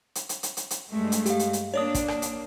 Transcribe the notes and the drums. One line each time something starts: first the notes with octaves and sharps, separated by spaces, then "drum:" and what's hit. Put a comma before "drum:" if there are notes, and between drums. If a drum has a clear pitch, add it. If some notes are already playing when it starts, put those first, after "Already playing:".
drum: hi-hat
drum: hi-hat
drum: hi-hat
drum: hi-hat
drum: hi-hat
G2 G#3 A3
drum: hi-hat
G4 F5, drum: hi-hat
drum: hi-hat
drum: hi-hat
A#3 D4 C#5 D5 D#6
drum: kick, hi-hat
drum: rim click
drum: hi-hat